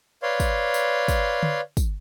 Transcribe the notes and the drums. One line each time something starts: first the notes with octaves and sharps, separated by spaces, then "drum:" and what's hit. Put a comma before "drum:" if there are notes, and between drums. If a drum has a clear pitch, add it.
B4 C#5 D5 F5 C6
drum: kick, tambourine
drum: tambourine
drum: kick, tambourine
drum: tom
drum: kick, tambourine